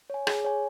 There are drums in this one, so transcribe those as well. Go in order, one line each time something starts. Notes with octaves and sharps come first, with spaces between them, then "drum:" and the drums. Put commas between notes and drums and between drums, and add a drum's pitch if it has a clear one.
C#5 G#5
G#4, drum: rim click
C#5 G#5